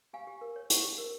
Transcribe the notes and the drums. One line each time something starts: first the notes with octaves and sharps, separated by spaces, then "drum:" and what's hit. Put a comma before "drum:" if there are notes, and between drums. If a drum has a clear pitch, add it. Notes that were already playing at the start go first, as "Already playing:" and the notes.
G4 F5 G#5
G4
A#4
C#5
G4, drum: hi-hat
G4
A#4